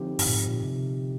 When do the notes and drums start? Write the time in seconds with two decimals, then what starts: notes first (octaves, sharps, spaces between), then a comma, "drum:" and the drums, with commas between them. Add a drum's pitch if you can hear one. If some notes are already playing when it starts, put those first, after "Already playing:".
Already playing: D3 F3 C4 D#4 G4
0.19 G2, drum: open hi-hat
0.26 A#2
0.34 G#2
0.48 A#2
0.64 C3